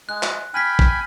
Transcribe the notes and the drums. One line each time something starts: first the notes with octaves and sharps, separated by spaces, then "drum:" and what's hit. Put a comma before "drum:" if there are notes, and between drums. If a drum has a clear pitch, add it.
G#3 F#6
drum: clap
G5 G#5 B5 F6 B6
drum: kick